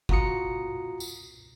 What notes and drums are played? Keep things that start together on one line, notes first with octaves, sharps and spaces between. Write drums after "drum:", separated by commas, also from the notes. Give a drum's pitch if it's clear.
F4 F#4 A#5 D#6 C#7, drum: kick
drum: tambourine